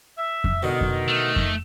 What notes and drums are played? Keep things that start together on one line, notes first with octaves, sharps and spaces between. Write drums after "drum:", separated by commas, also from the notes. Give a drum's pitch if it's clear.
E5
drum: kick F2
B2 D3 D#3
drum: kick F2
A3
drum: kick F2